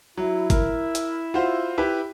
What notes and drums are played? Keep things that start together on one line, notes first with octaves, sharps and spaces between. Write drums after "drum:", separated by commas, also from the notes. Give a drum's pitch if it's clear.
F#3 E4
A#4, drum: kick, hi-hat
drum: hi-hat
F4 F#4 C5
E4 G4 B4